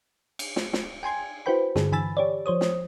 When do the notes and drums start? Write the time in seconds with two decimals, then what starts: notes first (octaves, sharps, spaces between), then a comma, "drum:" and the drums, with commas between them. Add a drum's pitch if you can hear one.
0.39 drum: cymbal
0.56 drum: snare
0.73 drum: snare
1.03 G5 G#5 C6 G#6
1.46 E4 F#4 B4 C5 G5 B5
1.76 G2 D3 G#4, drum: snare
1.92 D3 E3 G#5 B5 E6 A6
2.17 G4 C#5 D5
2.46 F3 C5 C#5 D#6
2.61 drum: snare